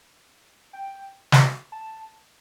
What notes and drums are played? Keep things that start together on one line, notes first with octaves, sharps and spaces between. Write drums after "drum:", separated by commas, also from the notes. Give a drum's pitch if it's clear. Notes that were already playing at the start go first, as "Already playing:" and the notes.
G5
drum: snare
A5